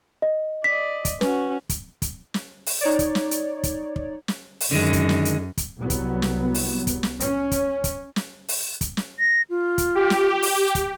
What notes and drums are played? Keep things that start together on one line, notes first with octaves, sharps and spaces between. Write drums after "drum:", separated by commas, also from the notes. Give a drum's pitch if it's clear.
D#5
D5 D#5 B6
drum: kick, hi-hat
C#4 F#4 B4, drum: snare
drum: kick, hi-hat
drum: kick, hi-hat
drum: snare
drum: open hi-hat
D#4 C#5 D5
drum: kick, hi-hat
drum: snare
drum: hi-hat
drum: kick, hi-hat
drum: kick
drum: snare
drum: open hi-hat
F#2 D3 D#3 G#3
drum: kick, hi-hat
drum: snare
drum: hi-hat
drum: kick, hi-hat
C2 F#3 B3
drum: kick, hi-hat
drum: snare
drum: open hi-hat
drum: kick, hi-hat
drum: snare
C#4, drum: hi-hat
drum: kick, hi-hat
drum: kick, hi-hat
drum: snare
drum: open hi-hat
drum: kick, hi-hat
drum: snare
A#6
F4
drum: kick, hi-hat
G4
drum: snare
drum: open hi-hat
drum: kick, hi-hat